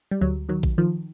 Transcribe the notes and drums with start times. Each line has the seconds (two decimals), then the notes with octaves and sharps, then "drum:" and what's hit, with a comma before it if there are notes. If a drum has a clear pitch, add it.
0.11 G3
0.21 D2 F#3
0.49 D#3 F#3
0.63 drum: kick A#1
0.78 D#3 F3